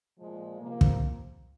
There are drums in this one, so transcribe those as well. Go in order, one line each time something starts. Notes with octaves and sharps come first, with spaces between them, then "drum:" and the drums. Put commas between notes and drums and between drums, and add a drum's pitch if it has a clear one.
A#2 F3 G#3
C3 F3 A#3
drum: kick